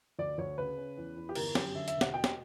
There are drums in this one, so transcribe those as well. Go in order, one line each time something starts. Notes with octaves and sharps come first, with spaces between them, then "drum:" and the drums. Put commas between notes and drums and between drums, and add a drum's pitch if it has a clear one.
D2 D5
D2 C#5
C#3 B4
C#4
E2
E2
G4
G1 A#4, drum: cymbal
F#2 G4, drum: snare
D3 E5
E5, drum: hi-hat
E1
F#5, drum: snare
B2 G5
drum: snare